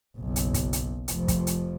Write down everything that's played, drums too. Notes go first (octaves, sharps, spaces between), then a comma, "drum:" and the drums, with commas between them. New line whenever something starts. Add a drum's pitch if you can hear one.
F#1 B1
drum: hi-hat
drum: kick, hi-hat
drum: hi-hat
F1 F3, drum: hi-hat
drum: kick, hi-hat
drum: hi-hat